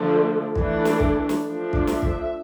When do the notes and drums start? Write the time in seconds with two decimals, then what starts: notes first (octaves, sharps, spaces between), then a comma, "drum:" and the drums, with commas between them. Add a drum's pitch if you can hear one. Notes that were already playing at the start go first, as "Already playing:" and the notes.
Already playing: D3 F3 A3
0.55 E3 A3 D4, drum: kick
0.85 drum: snare
1.00 drum: kick
1.29 drum: snare
1.44 F3 A3 D4
1.73 drum: kick
1.87 E5, drum: snare
2.02 drum: kick